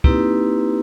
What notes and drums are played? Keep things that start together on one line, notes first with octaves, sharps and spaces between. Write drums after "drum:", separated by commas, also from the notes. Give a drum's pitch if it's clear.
A#3 C4 D#4 E4 G4 B4, drum: kick